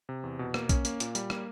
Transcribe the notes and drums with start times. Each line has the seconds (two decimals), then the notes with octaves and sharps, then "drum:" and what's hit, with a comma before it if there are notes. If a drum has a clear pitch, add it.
0.09 C3
0.24 E2
0.39 B2
0.54 A#3, drum: rim click
0.69 C#4, drum: kick A#1, hi-hat
0.85 A#3, drum: hi-hat
1.00 A#2, drum: hi-hat
1.15 G3, drum: hi-hat
1.30 A#3, drum: rim click